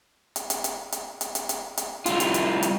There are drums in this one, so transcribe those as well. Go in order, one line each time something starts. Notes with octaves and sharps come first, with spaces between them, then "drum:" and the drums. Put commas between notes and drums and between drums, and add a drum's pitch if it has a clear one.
drum: hi-hat
drum: hi-hat
drum: hi-hat
drum: hi-hat
drum: hi-hat
drum: hi-hat
drum: hi-hat
drum: hi-hat
C2 F4, drum: hi-hat
drum: hi-hat
drum: hi-hat
drum: hi-hat